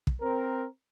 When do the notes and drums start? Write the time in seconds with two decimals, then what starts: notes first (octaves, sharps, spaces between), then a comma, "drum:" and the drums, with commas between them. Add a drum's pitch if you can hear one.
0.07 drum: kick
0.21 C4 A#4